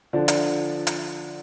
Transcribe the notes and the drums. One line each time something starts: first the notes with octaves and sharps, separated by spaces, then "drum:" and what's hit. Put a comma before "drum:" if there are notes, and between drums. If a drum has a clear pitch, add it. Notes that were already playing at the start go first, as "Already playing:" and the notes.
D3 F3 D4
drum: hi-hat
drum: hi-hat